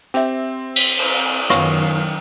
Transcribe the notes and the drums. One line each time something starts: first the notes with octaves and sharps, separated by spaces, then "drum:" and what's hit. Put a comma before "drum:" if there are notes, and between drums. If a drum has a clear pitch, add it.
C4 G4 E5 G5, drum: hi-hat
drum: cymbal
drum: cymbal
F#2 D#3 B3 C#4 F4 F5 C#6, drum: rim click